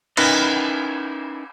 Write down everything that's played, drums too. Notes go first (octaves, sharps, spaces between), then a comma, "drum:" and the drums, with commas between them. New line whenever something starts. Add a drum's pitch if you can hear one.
C#4 D#4 E4 A#4 B4 D#5, drum: cymbal